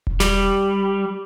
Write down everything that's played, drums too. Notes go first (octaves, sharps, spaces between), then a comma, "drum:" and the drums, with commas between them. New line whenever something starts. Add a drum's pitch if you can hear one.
drum: kick E1
G3, drum: snare